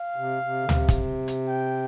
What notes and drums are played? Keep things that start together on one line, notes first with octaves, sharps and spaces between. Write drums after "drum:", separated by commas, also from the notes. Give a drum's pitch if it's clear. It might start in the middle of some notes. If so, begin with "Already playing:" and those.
Already playing: F5
C3
C3
D3
C3, drum: tom C#2
drum: kick, hi-hat
drum: hi-hat
G5